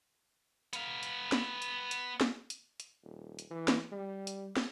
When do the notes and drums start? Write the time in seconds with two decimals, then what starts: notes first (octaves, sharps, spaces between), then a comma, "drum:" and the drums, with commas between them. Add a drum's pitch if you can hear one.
0.73 B3 F5, drum: hi-hat
1.03 drum: hi-hat
1.32 drum: snare
1.62 drum: hi-hat
1.91 drum: hi-hat
2.21 drum: snare
2.50 drum: hi-hat
2.80 drum: hi-hat
3.04 D#1
3.39 drum: hi-hat
3.50 E3
3.68 drum: snare
3.92 G3
4.27 drum: hi-hat
4.57 drum: snare